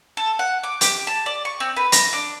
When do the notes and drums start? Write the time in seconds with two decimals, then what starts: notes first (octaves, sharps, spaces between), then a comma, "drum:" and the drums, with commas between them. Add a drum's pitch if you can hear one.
0.17 A4
0.39 F#5
0.63 D6
0.81 G4, drum: hi-hat
1.07 A5
1.26 D5
1.45 C#6
1.60 C4
1.76 B4
1.92 A#5, drum: hi-hat
2.13 D4